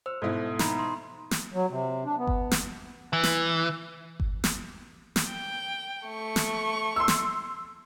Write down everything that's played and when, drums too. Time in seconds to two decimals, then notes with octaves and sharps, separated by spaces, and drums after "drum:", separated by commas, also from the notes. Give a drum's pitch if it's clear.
0.06 C5 E6
0.22 G#2 B2 E4 A4
0.59 D#4 A#5 B5, drum: snare
0.79 C6
1.31 drum: snare
1.54 F#3
1.70 C3
2.05 D4
2.18 B3
2.27 drum: kick G1
2.51 drum: snare
3.13 E3
3.24 drum: snare
4.20 drum: kick G1
4.44 drum: snare
5.16 drum: snare
5.29 G5
6.06 A3 C#6
6.36 drum: snare
6.96 C6 E6
7.08 drum: snare